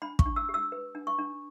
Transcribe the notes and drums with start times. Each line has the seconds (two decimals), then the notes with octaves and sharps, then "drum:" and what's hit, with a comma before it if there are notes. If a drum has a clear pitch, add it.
0.02 D4 B5
0.19 C#6, drum: kick
0.26 D4
0.36 E6
0.49 G4
0.54 E6
0.72 B4
0.95 D4
1.07 C#6
1.18 D4